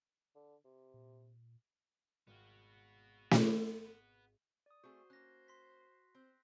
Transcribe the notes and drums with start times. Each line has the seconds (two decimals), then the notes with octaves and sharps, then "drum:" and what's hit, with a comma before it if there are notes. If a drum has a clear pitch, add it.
0.35 D3
0.64 C3
0.94 A#2
2.27 G#1 B3 F#4 F5 G5
3.31 drum: snare
4.66 D5 D#6
4.84 A3 C4 F#4 G#4 C5
5.10 A#3 C#4 F#6 A#6
5.47 C6 B6 C7
6.15 C4 C5